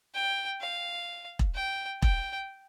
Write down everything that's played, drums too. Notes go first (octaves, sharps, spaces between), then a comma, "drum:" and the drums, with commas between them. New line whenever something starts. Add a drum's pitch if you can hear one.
G5
F5
drum: kick E1
G5
G5, drum: kick E1